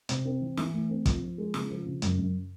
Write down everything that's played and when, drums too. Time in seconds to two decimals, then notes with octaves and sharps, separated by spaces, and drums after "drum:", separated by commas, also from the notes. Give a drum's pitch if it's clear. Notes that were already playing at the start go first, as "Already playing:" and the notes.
0.09 C3, drum: hi-hat
0.25 C4
0.41 E3
0.57 E3, drum: snare
0.73 A3
0.89 C4
1.06 F3, drum: kick, hi-hat
1.21 F3
1.38 G#3
1.54 C#3, drum: snare
1.70 F3
1.86 C#3
2.02 F#2, drum: hi-hat
2.19 F#2